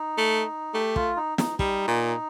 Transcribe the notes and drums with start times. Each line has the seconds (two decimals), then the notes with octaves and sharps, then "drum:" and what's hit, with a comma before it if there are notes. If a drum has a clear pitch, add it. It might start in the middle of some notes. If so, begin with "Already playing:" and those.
Already playing: D#4
0.18 A3
0.74 A3 G4
0.96 F4, drum: kick
1.16 D#4
1.38 D#4, drum: snare
1.59 G3 D#4, drum: kick
1.88 A#2